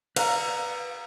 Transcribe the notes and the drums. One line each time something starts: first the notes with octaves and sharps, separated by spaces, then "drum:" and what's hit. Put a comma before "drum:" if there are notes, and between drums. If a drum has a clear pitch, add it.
B4 F5 A#5, drum: cymbal